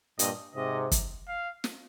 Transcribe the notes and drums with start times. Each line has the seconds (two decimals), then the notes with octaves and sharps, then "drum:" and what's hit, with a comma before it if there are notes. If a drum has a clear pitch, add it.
0.19 G2 A#2 D#5, drum: hi-hat
0.55 G#2 C3 D#5
0.91 drum: kick, hi-hat
1.28 F5
1.64 drum: snare